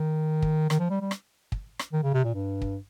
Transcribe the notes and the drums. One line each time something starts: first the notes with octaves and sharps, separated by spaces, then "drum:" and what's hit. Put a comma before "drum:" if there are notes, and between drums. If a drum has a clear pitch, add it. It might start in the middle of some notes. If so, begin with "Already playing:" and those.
Already playing: D#3
drum: kick
D#3, drum: rim click
F3
G3
G3
drum: rim click
drum: kick
drum: rim click
D#3
C#3
C3
A#2
G2
drum: kick